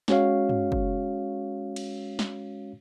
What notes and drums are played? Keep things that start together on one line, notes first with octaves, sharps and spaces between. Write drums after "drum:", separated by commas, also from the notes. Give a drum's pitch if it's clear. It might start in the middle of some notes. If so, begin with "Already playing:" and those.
G#3 C#4 F#4 C#5 F5, drum: snare
drum: tom
drum: kick
drum: cymbal
drum: snare